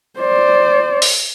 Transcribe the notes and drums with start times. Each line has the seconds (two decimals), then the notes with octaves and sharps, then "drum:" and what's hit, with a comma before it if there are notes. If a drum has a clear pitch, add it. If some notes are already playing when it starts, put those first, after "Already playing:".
0.19 C5 D5
1.02 drum: open hi-hat